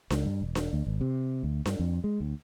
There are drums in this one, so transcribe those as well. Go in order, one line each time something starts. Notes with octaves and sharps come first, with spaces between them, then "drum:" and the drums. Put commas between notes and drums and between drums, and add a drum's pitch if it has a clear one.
C#2, drum: snare D4
G2
E1
drum: snare D4
D2
G#1
C3
D2
G2, drum: snare D4
F2
G#3
D2